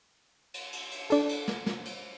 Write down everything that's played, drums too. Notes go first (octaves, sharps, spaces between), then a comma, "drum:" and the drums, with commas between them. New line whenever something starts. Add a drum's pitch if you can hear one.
drum: cymbal
drum: cymbal
drum: cymbal
D4 A4, drum: cymbal
drum: cymbal
drum: snare
drum: snare
drum: cymbal